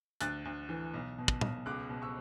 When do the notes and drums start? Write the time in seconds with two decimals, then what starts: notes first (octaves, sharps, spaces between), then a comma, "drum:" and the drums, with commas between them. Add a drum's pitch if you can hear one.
0.21 D2 F#6 A6, drum: hi-hat
0.45 D2
0.69 E3
0.94 B1
1.18 B2
1.28 drum: kick
1.41 B1, drum: tom
1.66 C#2 D6 F#6
1.90 B2
2.02 C#6 E6